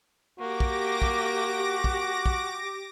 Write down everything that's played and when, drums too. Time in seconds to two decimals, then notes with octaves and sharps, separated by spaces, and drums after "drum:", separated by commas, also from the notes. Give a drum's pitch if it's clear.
0.40 A#3 F#4 G4 D6 A#6
0.60 drum: kick
1.02 drum: kick
1.84 drum: kick
2.26 drum: kick